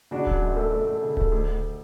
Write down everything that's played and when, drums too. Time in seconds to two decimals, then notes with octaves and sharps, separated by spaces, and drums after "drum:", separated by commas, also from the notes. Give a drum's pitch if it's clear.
0.11 C#3 D4 F#4
0.27 F#3, drum: kick D1
0.42 F#2
0.57 A3
0.72 A3
0.87 A3
1.02 C#3
1.17 A3, drum: kick D1
1.32 D2
1.48 D2